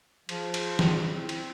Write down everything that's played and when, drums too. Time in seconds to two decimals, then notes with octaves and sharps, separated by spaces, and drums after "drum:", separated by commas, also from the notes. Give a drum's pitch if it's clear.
0.29 F3 G#4, drum: cymbal
0.54 drum: cymbal
0.79 drum: snare
1.14 C4 E4
1.29 drum: cymbal